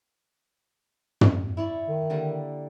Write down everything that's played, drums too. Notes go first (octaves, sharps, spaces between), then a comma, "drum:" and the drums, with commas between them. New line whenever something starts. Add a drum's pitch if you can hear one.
drum: tom
E4 C#5 D5
D#3
D3 G3 A#3